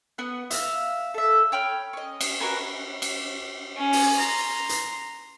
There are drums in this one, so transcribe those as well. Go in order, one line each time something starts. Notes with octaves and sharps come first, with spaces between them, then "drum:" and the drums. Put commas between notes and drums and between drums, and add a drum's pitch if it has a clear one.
B3 F#5
E5 F5, drum: hi-hat
A4 E5
C#5 G5 B5 F6
C#4 D#5
drum: cymbal
F#4 A#4 B4 G#5
drum: cymbal
C#4
drum: open hi-hat
A#5 C6
drum: hi-hat